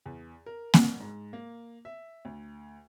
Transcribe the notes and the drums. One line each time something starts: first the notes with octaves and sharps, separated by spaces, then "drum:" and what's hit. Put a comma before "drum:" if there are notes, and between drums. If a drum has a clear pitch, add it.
E2
A#4
G1, drum: snare A#3
G#2
A#3
E5
D2